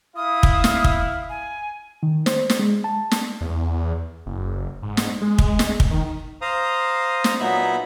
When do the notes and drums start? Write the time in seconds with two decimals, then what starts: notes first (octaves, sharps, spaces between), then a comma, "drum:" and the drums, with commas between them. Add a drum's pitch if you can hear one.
0.16 E4 F5 D#6
0.43 drum: kick
0.64 drum: snare
0.84 drum: kick
1.30 G#5
2.03 D#3
2.26 C5, drum: snare
2.50 drum: snare
2.59 G#3
2.84 A5
3.11 drum: snare
3.41 E2
4.26 F#1
4.82 G#2
4.97 drum: snare
5.21 G#3
5.38 drum: kick
5.59 drum: snare
5.80 drum: kick
5.91 D#3
6.42 C5 F5 A#5 D#6
7.24 drum: snare
7.40 A#2 F#3 B3 D#4 E5 B5